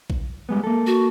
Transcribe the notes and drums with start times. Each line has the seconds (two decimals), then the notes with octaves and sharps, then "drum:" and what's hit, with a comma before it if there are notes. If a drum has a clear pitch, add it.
0.10 drum: kick A#1
0.49 G3 G#3 B3
0.64 A#3 A4
0.87 F#4